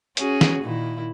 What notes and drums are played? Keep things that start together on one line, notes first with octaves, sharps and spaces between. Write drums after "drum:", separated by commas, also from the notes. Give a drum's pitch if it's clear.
C#4 F#4 G#4, drum: hi-hat
drum: snare
A#2 D#3 E4